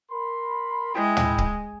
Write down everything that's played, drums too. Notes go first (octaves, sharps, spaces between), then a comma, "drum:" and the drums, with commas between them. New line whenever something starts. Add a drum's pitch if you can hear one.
A#4 B5 C6
G#3 E4 G5
drum: tom
drum: kick C#1